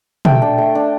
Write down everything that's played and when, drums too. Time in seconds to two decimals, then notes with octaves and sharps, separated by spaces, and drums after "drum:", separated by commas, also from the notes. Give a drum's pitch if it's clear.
0.25 A3 G5, drum: tom
0.42 D4
0.58 A3
0.75 D4